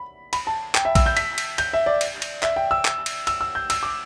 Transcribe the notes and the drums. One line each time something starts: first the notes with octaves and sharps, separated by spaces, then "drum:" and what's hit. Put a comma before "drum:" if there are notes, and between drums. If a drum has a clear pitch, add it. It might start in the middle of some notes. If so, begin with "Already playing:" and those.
Already playing: B5
B5, drum: cymbal
A5
G5, drum: clap
E5
E6, drum: kick A#1, cymbal
G6
B6, drum: cymbal
drum: cymbal
G6, drum: cymbal
E5
D5
drum: cymbal
drum: cymbal
E5, drum: clap
G5
E6
drum: clap
drum: cymbal
E6, drum: cymbal
E6
G6
E6, drum: cymbal
D6